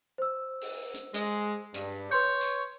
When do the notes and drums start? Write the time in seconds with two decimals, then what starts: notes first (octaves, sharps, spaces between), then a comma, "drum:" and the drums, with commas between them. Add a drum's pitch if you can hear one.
0.18 C5 E6
0.61 drum: open hi-hat
0.94 drum: hi-hat
1.14 G#3, drum: hi-hat
1.74 G2, drum: hi-hat
2.11 B4 C#5 C6 G6
2.41 drum: tambourine